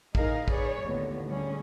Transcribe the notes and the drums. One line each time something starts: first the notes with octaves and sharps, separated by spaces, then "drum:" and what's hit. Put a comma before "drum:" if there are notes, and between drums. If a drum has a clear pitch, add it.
A2 D#4 G#4 A#4 F5, drum: kick
G#4 B4 C#5 D5, drum: kick
D#2 A2 D3 B3
D2 D3 G3 C#4 G#4